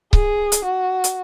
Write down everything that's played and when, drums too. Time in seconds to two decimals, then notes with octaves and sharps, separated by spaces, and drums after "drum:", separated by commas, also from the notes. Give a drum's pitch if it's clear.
0.13 G#4, drum: kick C#1
0.52 drum: hi-hat
0.65 F#4
1.04 drum: hi-hat